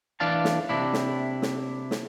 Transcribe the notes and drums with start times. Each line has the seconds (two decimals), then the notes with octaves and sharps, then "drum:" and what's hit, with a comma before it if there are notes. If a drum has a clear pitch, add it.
0.20 E3 D4 D5 F5 A5
0.45 drum: snare
0.69 C3 D4 E4
0.93 drum: snare
1.42 drum: snare
1.91 drum: snare